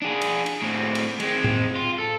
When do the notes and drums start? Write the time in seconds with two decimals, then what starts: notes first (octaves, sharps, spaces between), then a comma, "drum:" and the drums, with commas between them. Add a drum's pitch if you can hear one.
0.02 D4 G#4
0.22 drum: cymbal
0.46 drum: cymbal
0.62 A2 C4
0.95 drum: cymbal
1.20 G#3 C4, drum: cymbal
1.44 drum: tom
1.76 F4
1.98 A4